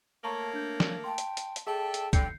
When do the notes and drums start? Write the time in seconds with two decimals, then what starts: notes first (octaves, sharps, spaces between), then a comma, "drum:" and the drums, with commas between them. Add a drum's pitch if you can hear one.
0.24 A3 A#3 C#5 A5 A#5 C#6
0.54 D4 G6
0.80 drum: snare F3
1.04 G5 A5 C6
1.18 drum: hi-hat
1.37 drum: hi-hat
1.56 drum: hi-hat
1.67 G#4 A4 D5 E5 G5 A5
1.94 drum: hi-hat
2.13 G2 D3 G5 G6 C7 C#7, drum: kick, hi-hat